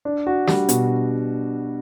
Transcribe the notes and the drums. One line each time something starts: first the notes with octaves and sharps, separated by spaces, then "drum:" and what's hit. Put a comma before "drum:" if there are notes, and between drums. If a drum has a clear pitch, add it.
D4
F#4
G3, drum: snare
B2, drum: hi-hat